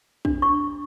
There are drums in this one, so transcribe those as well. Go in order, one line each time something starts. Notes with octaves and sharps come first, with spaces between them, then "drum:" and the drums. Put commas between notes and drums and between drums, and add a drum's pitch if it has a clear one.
D4, drum: kick
C#6